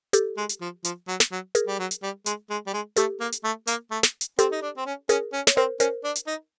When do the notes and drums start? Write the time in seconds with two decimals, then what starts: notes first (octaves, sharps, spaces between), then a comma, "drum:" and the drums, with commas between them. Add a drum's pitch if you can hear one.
0.13 G4 A4, drum: hi-hat
0.37 G#3
0.49 drum: hi-hat
0.61 F3
0.84 F3, drum: hi-hat
1.08 F#3
1.20 drum: snare
1.32 F#3
1.55 G#4 A#4, drum: hi-hat
1.67 G3
1.79 F#3
1.91 drum: hi-hat
2.03 G3
2.26 G#3, drum: hi-hat
2.50 G#3
2.67 G3
2.73 G#3
2.96 A3 G4 A4, drum: hi-hat
3.20 A#3
3.32 drum: hi-hat
3.44 A3
3.67 A#3, drum: hi-hat
3.91 A3
4.03 drum: snare
4.21 drum: hi-hat
4.39 C4 G4 A4, drum: hi-hat
4.52 D#4
4.62 D4
4.77 C4
4.86 C#4
5.09 C#4 G#4 A#4, drum: hi-hat
5.33 C#4
5.47 C#5, drum: snare
5.57 C4 A#4 C5
5.80 C#4 A#4 C5, drum: hi-hat
6.04 D4
6.15 drum: hi-hat
6.27 D#4